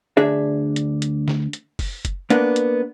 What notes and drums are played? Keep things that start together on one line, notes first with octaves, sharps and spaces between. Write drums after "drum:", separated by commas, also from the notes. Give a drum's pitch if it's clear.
D2 D4 G#4 E5
drum: hi-hat
drum: hi-hat
drum: snare
drum: hi-hat
drum: kick F#1, open hi-hat
drum: kick F#1, hi-hat
A#3 B3 D4, drum: hi-hat
drum: hi-hat